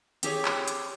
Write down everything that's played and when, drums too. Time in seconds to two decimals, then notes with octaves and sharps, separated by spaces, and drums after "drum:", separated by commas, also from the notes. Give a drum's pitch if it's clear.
0.23 C4 G4 G#4 C#5, drum: hi-hat
0.45 drum: clap
0.68 drum: hi-hat